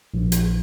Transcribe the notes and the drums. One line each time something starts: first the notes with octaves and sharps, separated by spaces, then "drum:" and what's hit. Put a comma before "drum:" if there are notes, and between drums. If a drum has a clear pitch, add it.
A#1
drum: hi-hat